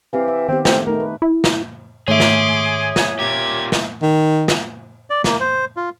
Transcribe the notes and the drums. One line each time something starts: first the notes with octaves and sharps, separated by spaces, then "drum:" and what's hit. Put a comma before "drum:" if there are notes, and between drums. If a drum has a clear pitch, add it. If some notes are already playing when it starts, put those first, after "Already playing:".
E3 C4 G4 F5
E5
D#3 B3 C4 G4
A3 C4, drum: snare
A3 D#4 A#4
B4
E4
drum: snare
G#2 D#3 A3 G#4 C#5 E5 C6 D6
drum: snare
drum: snare
A#2 G4 D6 G#6
drum: snare
D#3
drum: snare
D5
A#3, drum: snare
C5
F4